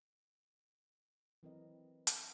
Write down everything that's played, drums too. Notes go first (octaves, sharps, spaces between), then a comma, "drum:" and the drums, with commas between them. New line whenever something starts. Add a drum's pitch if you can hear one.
E3 F#3 C4 A#4 B4 D#5
drum: hi-hat